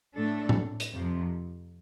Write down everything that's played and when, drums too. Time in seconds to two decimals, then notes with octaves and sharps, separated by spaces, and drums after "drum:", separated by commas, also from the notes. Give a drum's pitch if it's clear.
0.16 A2 A3 D4 A4
0.49 drum: tom A2
0.80 drum: hi-hat
0.92 F2 C3 F3